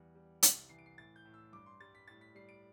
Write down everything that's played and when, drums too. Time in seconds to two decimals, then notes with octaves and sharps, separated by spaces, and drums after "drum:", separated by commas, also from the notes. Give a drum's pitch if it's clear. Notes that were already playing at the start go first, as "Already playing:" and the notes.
Already playing: E2 G3
0.15 G3
0.43 C2 A6, drum: hi-hat
0.69 E3 C7
0.78 D7
0.86 C7
0.97 A2 A6
1.16 G6
1.25 A2
1.34 E6
1.52 G2 D6
1.66 C6
1.80 G3 A6
1.95 B6
2.07 A2 A6
2.21 B6
2.35 G3 C7
2.49 D7